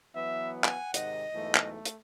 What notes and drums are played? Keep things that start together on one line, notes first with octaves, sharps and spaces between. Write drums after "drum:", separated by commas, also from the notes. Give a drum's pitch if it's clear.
E3 F#3 B3 E5
F#5 G#5, drum: clap
G#2 C3 D#3 D#5, drum: hi-hat
B1 G#2 E3 A3
drum: clap
drum: hi-hat